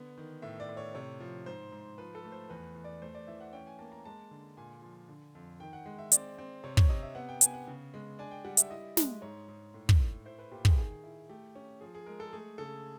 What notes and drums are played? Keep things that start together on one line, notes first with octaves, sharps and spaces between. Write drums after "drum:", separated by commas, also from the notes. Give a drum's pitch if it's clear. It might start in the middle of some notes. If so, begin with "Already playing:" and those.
Already playing: D3 B3
D#3
A2 E5
D5
A2
C#5
C3 C#5
F3
G#2 C5
G#2
F3 B4
A4
A3
C5
E2 B4
E2
D5
A3 C5
D5
E3 E5
F#5
C#4 G5
G#5
A#3 A5
A#5
G#3 A5
D3
A#2 G#5
F3
D3
F2
D#3 G5
F#5
G#3
E5
C4 D5, drum: hi-hat
C4
C3 C#5
C#5, drum: kick
C3 D#5
E5
B3 F#5
G5
B3 G#5, drum: hi-hat
F#5
C#3
G#3
D4 G#5
G5
G3 F#5
E5, drum: hi-hat
E4 D#5
G#3, drum: snare
G#2 C#5
G#2
A2
drum: kick
A2
E4 C5
B4
A#2 G4
G#4, drum: kick
D#3 G#4
E4
A3 G4
C#4
F3 G#4
G#4
G#3 A#4
A4
A3 G#4
C#3 A4